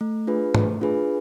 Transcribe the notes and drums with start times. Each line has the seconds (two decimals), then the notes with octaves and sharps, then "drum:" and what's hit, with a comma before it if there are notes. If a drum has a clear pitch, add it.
0.01 A3
0.27 D4 F4 G#4 B4
0.55 A3, drum: tom
0.81 D4 F4 G#4 B4